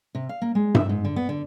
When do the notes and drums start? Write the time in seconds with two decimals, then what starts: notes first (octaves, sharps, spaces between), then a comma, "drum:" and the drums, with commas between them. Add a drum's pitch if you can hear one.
0.15 C3
0.29 F5
0.42 A#3
0.55 G#3
0.75 E5, drum: tom G2
0.89 G#2
1.05 D3
1.16 B3
1.29 D3